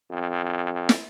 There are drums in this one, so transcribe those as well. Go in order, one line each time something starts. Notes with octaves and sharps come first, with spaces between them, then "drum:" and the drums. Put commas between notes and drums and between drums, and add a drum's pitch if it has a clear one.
F2
drum: snare